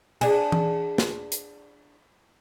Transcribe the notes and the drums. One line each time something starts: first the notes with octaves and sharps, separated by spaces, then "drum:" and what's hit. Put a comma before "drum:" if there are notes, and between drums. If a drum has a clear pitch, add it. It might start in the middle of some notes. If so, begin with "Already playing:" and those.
D4 G#4, drum: cymbal
drum: tom E3
drum: snare
drum: hi-hat